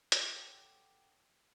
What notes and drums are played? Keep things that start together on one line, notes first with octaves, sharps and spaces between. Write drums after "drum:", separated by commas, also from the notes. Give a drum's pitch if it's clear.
F#4 G4 A4 C#5, drum: hi-hat